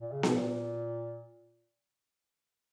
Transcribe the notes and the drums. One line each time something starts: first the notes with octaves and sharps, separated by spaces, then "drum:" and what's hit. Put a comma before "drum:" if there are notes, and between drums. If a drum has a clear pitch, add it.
A#2
C#3
B2, drum: snare B3
A#2